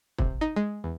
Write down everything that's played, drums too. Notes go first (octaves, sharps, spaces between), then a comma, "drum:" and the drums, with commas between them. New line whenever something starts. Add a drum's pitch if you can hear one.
C3, drum: kick
D#4
G#3
E2